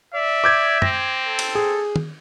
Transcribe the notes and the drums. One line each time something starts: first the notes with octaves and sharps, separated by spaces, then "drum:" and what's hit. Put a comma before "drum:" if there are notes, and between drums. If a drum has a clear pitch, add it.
D5 E5
D6 G6 G#6
C4 A#6, drum: tom
A4
drum: cymbal
G#4
drum: tom